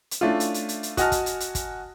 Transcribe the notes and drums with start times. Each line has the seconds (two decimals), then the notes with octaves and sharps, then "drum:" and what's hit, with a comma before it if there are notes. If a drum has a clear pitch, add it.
0.11 drum: hi-hat
0.21 A3 C#4 D4 E4 F4
0.40 drum: hi-hat
0.54 drum: hi-hat
0.69 drum: hi-hat
0.83 drum: hi-hat
0.97 F#4 D#5 F#5 G#5 A5 F6, drum: kick, hi-hat
1.12 drum: kick, hi-hat
1.26 drum: hi-hat
1.40 drum: hi-hat
1.55 drum: kick, hi-hat